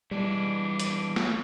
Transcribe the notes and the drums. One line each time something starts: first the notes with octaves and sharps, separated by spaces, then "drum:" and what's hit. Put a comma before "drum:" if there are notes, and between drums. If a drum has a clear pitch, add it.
E3 G3 G#3 D4
drum: hi-hat
drum: snare